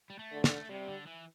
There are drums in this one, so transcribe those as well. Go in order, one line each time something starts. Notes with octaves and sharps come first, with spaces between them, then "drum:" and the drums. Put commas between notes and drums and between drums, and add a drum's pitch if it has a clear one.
G3
A3
D3
A3, drum: snare
C3 G3
D3
E3